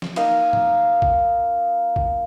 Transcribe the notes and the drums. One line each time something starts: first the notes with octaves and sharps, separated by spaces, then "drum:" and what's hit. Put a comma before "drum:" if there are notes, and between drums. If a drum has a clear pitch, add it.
drum: snare
A#3 D#4 F5 D#6, drum: cymbal
drum: tom G#2
drum: kick
drum: kick